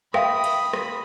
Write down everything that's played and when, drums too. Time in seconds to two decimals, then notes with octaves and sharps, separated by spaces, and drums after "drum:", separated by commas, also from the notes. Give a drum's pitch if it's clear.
0.14 E5 F5 G5 B5 D#6, drum: rim click
0.44 drum: cymbal
0.73 drum: rim click